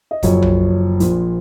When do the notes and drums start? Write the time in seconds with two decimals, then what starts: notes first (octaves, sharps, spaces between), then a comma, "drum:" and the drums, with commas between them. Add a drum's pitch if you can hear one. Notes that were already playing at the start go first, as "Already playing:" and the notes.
0.11 D#5
0.23 F#1 F#2 F3 C#5, drum: kick, hi-hat
0.42 drum: tom B1
1.00 A#1 A#2 F3, drum: hi-hat